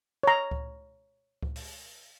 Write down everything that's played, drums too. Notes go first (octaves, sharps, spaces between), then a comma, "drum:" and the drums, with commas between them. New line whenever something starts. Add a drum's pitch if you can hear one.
C#5 A#5
drum: kick C#2
drum: kick C#2
drum: open hi-hat